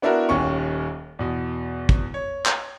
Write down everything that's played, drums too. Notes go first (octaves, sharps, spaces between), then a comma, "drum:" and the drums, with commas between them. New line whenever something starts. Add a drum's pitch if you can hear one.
B3 D4 E4 F#4 A#4
D#1 D#2 C#4 C#6
E2 B2
drum: kick
C#5
drum: clap